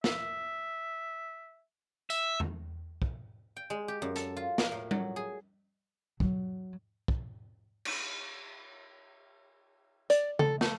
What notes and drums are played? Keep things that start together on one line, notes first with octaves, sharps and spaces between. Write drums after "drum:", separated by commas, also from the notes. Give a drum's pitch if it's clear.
E5, drum: snare
E5, drum: tambourine
drum: tom E2
drum: kick
G5
G#3
G4
F#2
A4, drum: hi-hat
F4
A#4, drum: snare
A2
F#3, drum: tom G3
G#4
F#3, drum: kick
drum: kick
drum: cymbal
D5, drum: hi-hat
A4, drum: tom C#3
A3, drum: snare